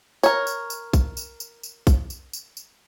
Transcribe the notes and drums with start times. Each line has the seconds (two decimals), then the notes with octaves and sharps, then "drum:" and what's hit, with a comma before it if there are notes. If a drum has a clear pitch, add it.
0.23 A#4 C#5, drum: tambourine
0.47 drum: tambourine
0.70 drum: tambourine
0.93 drum: kick A#1, tambourine
1.17 drum: tambourine
1.40 drum: tambourine
1.63 drum: tambourine
1.87 drum: kick A#1, tambourine
2.10 drum: tambourine
2.33 drum: tambourine
2.57 drum: tambourine